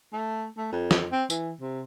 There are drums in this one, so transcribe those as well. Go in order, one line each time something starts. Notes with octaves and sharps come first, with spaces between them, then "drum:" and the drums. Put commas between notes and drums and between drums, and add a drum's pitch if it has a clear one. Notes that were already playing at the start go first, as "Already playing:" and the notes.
A3
A3
F2
drum: snare
C4
E3, drum: tambourine
C3